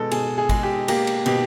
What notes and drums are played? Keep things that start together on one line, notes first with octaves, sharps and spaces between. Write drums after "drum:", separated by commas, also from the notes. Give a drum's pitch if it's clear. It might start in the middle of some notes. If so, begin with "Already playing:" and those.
Already playing: B2 G#3 A4
B2 G#4, drum: cymbal
G#4
G#3, drum: kick G#1, cymbal
G4
A#3 G4, drum: cymbal
drum: cymbal
B2 G4, drum: cymbal